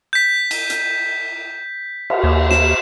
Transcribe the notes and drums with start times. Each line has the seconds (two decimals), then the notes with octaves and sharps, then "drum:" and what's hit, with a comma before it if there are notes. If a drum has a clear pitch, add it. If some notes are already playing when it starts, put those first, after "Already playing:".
0.13 G6 B6
0.51 drum: cymbal
0.70 drum: hi-hat
2.10 drum: cymbal
2.24 D#2
2.51 E7, drum: snare